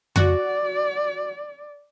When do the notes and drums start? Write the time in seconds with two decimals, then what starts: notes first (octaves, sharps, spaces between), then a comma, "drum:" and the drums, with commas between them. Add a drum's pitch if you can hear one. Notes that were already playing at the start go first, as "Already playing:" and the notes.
0.16 F#4 D5, drum: tom F2